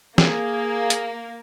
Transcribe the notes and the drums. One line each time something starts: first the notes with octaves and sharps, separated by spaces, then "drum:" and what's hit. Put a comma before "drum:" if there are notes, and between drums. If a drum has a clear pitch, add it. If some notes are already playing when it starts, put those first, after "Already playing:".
A#3 G#4, drum: snare
drum: hi-hat